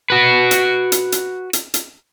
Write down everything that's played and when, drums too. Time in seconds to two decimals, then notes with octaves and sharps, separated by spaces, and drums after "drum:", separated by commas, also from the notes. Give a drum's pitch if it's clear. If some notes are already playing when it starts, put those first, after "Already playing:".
0.10 F#4 B4
0.51 drum: hi-hat
0.92 drum: hi-hat
1.12 drum: hi-hat
1.53 drum: hi-hat
1.74 drum: hi-hat